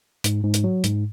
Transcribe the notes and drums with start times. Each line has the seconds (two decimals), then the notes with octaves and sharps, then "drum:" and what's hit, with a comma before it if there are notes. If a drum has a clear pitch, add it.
0.24 G#2, drum: hi-hat
0.44 G#2
0.54 drum: hi-hat
0.64 F#3
0.84 G#2, drum: hi-hat